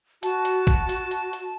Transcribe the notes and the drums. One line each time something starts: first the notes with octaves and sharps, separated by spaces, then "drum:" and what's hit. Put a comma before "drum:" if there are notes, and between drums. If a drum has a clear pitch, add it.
F#4 A5, drum: hi-hat
drum: hi-hat
drum: kick A1, hi-hat
drum: hi-hat
drum: hi-hat
drum: hi-hat